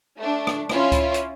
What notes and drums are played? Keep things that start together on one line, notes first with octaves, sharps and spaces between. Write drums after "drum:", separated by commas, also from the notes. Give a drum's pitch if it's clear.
A3 D4
drum: rim click
C#4 E4 F4, drum: rim click
drum: kick C#2, hi-hat
drum: hi-hat